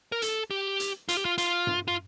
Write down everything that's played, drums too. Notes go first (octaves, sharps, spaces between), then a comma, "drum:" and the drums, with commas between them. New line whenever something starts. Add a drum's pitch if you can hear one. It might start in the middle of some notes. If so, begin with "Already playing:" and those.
A#4
A4, drum: hi-hat
G4
drum: hi-hat
F4, drum: hi-hat
G4
F4
F4, drum: hi-hat
drum: tom G2
F4